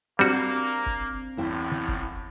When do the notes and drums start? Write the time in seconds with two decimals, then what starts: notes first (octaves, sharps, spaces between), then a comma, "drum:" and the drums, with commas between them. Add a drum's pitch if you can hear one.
0.19 G3 A#3 C4 D4 F#4
0.86 drum: kick F#1
1.37 G#1 E2 A2 E4 G5
1.88 drum: kick F#1